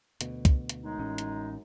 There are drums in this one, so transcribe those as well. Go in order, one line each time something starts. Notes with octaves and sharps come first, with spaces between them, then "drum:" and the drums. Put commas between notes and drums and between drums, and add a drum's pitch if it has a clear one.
D2 B2, drum: hi-hat
drum: kick C#2, hi-hat
drum: hi-hat
F#2 G#3 D#4
A1 A2 C#4
drum: hi-hat